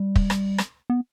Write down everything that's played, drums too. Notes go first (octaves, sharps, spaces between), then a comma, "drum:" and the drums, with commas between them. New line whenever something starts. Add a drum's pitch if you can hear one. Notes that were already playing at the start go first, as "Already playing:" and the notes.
Already playing: G3
drum: kick
drum: rim click
drum: rim click
B3